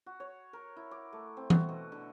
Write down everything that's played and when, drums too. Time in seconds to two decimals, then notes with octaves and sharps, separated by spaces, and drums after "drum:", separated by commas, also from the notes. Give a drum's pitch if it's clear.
0.06 F#4
0.20 C#5
0.53 A#4
0.76 E4
0.91 D6
1.13 A3
1.37 C4
1.50 F#4, drum: tom E3
1.69 B2
1.92 D3